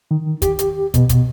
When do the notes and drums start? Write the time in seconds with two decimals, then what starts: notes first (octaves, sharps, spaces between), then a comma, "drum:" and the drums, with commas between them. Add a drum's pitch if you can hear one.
0.11 D#3
0.42 G4, drum: kick, hi-hat
0.59 drum: hi-hat
0.94 B2, drum: kick, hi-hat
1.09 drum: kick, hi-hat